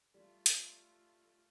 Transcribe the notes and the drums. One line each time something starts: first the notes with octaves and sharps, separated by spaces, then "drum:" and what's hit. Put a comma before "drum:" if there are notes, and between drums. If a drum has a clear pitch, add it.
G3 A3 F4
drum: hi-hat